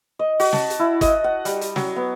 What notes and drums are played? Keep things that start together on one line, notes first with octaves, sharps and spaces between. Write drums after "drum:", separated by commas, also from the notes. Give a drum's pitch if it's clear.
D#5
F#4, drum: open hi-hat
A5, drum: snare
drum: hi-hat
E4
D#5, drum: kick, hi-hat
F#5
G3, drum: hi-hat
drum: hi-hat
F#3, drum: snare
B3